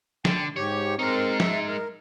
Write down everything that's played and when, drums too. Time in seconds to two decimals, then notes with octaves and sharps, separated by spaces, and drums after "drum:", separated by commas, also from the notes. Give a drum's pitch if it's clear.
0.25 D3 G5, drum: snare
0.56 G#2 G4 C#5
0.99 G#3 C4 D#4 A#4
1.40 E5, drum: snare
1.67 A#4